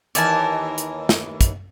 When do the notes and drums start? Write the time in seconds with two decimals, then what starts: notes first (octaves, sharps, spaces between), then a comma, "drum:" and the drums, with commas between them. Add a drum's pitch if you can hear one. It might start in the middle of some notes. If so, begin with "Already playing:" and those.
0.15 D#2 E3 A#4 D5 G#5 A5, drum: hi-hat
0.78 drum: hi-hat
1.09 drum: snare
1.41 drum: kick, hi-hat